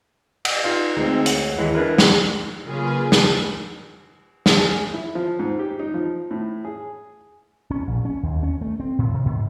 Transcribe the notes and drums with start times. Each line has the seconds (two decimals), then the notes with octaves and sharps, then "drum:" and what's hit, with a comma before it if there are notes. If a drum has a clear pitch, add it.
0.45 F#5, drum: cymbal
0.64 D#4 F4 F5
0.97 D2 G#3 C4 D#4
1.26 C#5 F#5, drum: hi-hat
1.58 D#2 E3 G#3
1.75 D4 E4 A#4 B4
1.98 drum: snare
2.66 C#3 F#3 A#3 F4 G#4 B4
3.12 drum: snare
4.46 drum: snare
4.57 G#4
4.94 E4
5.15 F3
5.39 G#2
5.59 G4
5.79 D#4
5.94 F3
6.31 A2
6.65 G#4
7.71 C#4
7.87 A#1
8.05 C#4
8.23 D#2
8.43 C#4
8.61 A3
8.80 C4
8.99 A2
9.14 C3
9.26 G#2